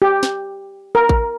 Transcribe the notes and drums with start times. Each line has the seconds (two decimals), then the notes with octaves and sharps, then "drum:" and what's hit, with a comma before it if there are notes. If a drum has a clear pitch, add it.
0.02 G4
0.23 drum: snare
0.95 A#4
1.09 drum: kick A1